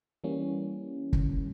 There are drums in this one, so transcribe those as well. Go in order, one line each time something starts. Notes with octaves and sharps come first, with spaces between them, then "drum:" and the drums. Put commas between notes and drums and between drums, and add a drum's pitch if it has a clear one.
E3 G3 A#3 C#4
drum: kick